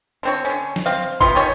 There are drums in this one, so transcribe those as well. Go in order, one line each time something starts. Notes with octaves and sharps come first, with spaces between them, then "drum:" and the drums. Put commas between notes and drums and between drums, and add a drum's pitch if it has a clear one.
D3 C4 C#5
D3 C#4
drum: snare
C4 F5
C3 B3 F4 C6, drum: kick
D#3 G3 C#4 C#5